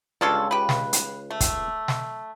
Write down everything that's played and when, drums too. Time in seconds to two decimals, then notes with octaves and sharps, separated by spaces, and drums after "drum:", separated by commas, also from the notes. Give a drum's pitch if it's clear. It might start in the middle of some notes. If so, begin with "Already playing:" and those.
0.21 C#2 G3 D4 F4 A4 C#5
0.51 G4 B4
0.69 drum: snare
0.93 drum: hi-hat
1.31 A3
1.40 drum: kick, hi-hat
1.88 drum: snare